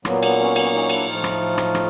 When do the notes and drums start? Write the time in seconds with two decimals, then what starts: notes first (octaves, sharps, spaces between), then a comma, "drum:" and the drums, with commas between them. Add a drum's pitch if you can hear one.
0.05 A#2 F#3 A#3 B3, drum: rim click
0.23 B3, drum: cymbal
0.39 B3 C#4
0.56 B3 C#4, drum: cymbal
0.73 C#4 D#4
0.90 D4 E4, drum: cymbal
1.07 A2 F3 A3 D#4 F4
1.24 drum: rim click
1.58 drum: rim click
1.75 drum: rim click